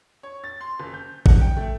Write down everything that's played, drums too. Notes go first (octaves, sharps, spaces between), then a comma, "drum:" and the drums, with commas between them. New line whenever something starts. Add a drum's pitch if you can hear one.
C#5
A6
C6
F#1
G6
F#5, drum: kick
G5
A3